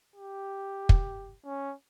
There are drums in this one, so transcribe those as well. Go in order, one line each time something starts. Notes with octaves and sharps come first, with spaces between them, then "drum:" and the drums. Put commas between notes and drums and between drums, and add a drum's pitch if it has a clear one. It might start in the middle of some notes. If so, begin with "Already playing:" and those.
G4
drum: kick
C#4